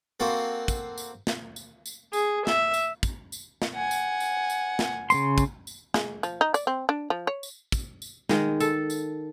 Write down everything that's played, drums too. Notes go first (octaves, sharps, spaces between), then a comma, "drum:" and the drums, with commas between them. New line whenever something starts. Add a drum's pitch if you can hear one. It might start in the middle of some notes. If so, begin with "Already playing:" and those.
A#3 C4 F#4 A4
drum: kick, tambourine
drum: tambourine
drum: snare
drum: tambourine
drum: tambourine
G#4, drum: tambourine
E5, drum: snare
drum: tambourine
drum: kick, tambourine
drum: tambourine
drum: snare
F#5 G#5
drum: tambourine
drum: tambourine
drum: tambourine
drum: snare
C#3 A#3 C6, drum: tambourine
drum: kick, tambourine
drum: tambourine
G#3, drum: snare
F3, drum: tambourine
D#4
D5, drum: tambourine
C4
D4
F3
C#5
drum: tambourine
drum: kick, tambourine
drum: tambourine
D#3 G#3, drum: snare
A4, drum: tambourine
drum: tambourine